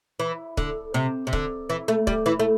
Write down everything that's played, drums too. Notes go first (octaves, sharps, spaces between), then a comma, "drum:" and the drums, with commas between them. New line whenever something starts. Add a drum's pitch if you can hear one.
E3
D3, drum: kick C#1
C3
C3
D3, drum: kick C#1
E3
A3
G3, drum: kick C#1
E3
A3